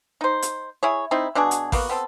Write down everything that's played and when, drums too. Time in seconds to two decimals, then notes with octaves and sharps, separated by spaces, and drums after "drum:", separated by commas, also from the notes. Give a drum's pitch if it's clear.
0.21 D#4 C5
0.42 drum: hi-hat
0.83 E4 G#4 C#5
1.11 C4 D#4 E4
1.35 B2 D4 F#4 G#4
1.51 drum: hi-hat
1.72 A#3 B3 F#4, drum: kick A1, open hi-hat
1.89 B3 C4 A4